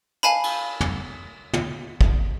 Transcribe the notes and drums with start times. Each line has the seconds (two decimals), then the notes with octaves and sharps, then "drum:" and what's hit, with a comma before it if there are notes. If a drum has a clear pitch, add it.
0.23 F5 G#5 A5 B5, drum: hi-hat
0.44 drum: cymbal
0.81 drum: tom
1.53 drum: tom
2.01 drum: kick